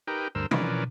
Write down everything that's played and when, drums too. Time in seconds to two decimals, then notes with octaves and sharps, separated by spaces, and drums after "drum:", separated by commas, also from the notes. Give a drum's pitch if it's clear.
0.07 D#4 G4 A#4 B4 G5
0.35 D2 G2 A#4 C5 E6
0.51 E3 F3 C#4 A#4 B4 D5, drum: tom